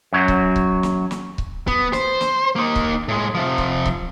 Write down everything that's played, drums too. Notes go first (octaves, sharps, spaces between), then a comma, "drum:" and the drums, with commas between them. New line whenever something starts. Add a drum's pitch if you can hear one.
F#2 F#3
drum: kick C#1
drum: kick C#1
drum: snare
drum: snare
drum: kick C#1
B3, drum: kick C#1
C5, drum: snare
drum: snare
A#3 D#4
drum: kick C#1
A2 G#3
C3 F3
drum: kick C#1
drum: kick C#1